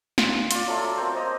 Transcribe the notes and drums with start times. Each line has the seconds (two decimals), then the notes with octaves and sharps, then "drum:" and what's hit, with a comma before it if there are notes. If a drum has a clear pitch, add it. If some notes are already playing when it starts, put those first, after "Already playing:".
0.18 F4, drum: snare
0.51 F4 D5, drum: hi-hat
0.67 F#3 A4 E5
0.97 A#3 C4
1.15 C5 D#5 A#5